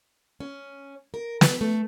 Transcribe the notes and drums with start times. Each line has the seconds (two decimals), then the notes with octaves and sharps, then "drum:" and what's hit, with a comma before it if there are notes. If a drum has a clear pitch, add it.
0.40 C#4
1.14 A#4
1.41 B4, drum: snare
1.61 A3